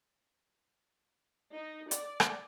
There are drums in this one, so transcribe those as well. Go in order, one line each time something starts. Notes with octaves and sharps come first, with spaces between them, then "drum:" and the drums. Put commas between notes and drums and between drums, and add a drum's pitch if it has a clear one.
D#4
D5, drum: hi-hat
drum: rim click